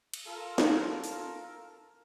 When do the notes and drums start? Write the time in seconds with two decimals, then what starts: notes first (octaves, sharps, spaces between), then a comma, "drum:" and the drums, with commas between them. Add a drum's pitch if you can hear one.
0.14 drum: cymbal
0.26 F4 A4 A#4
0.58 drum: snare
1.04 drum: open hi-hat